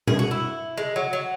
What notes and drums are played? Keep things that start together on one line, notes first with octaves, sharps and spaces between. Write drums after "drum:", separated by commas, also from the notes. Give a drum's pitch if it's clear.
G#4, drum: tom B2
F#4
E4
G#3
F#3
F#3